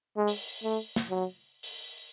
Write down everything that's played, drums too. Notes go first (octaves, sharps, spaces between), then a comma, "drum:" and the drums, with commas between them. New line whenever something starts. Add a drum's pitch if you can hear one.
G#3
drum: open hi-hat
drum: tambourine
A3
drum: snare
F#3
drum: open hi-hat